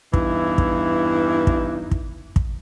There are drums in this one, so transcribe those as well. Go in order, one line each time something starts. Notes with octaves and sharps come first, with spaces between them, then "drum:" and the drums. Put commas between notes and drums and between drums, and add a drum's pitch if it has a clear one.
E2 G2 E3 D#4 E4, drum: kick
drum: kick
drum: kick
drum: kick
drum: kick